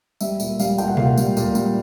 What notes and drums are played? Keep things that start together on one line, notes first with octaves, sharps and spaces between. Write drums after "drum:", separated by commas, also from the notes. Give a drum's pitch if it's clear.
G3 E5, drum: tambourine
A#2, drum: tambourine
G3 F5, drum: tambourine
A#2 G5, drum: tambourine
F#5
A#2 F5, drum: tom B2
F#5
G3, drum: tambourine
A#2, drum: tambourine
G3, drum: tambourine